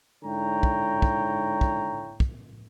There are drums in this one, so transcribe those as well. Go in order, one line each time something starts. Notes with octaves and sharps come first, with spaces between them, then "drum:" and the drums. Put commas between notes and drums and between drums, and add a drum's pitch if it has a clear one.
G#2 D3 E4 C#5 G5 A#5
drum: kick
drum: kick
drum: kick
drum: kick